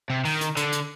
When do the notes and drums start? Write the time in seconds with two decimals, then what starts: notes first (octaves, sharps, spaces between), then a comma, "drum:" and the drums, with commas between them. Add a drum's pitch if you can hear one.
0.10 C3
0.25 D#3, drum: open hi-hat
0.41 drum: hi-hat
0.57 D3, drum: hi-hat
0.72 drum: hi-hat